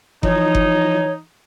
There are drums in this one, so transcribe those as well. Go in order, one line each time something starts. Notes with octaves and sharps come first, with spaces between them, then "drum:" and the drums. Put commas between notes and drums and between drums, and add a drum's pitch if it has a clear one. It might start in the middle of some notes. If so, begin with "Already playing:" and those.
E3 F3 D#4 C#5, drum: kick F#1
drum: kick F#1